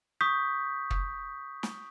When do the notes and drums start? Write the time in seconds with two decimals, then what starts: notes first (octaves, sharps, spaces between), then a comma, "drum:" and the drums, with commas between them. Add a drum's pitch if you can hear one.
0.21 C#6 D#6 G6 B6
0.91 drum: kick
1.63 drum: snare